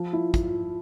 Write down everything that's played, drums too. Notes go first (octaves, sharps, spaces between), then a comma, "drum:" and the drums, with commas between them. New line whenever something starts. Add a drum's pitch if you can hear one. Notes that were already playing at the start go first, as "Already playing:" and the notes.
Already playing: F3 F4
E4
drum: kick, hi-hat